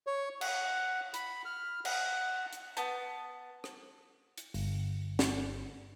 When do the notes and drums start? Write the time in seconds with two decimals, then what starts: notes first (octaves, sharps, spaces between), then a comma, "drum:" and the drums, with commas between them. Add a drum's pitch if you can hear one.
0.07 C#5
0.41 F#5, drum: cymbal
1.14 B5, drum: hi-hat
1.45 F6
1.85 F#5, drum: cymbal
2.53 drum: hi-hat
2.77 B3 A5, drum: hi-hat
3.64 drum: rim click
4.38 drum: hi-hat
4.54 G1, drum: open hi-hat
5.19 drum: snare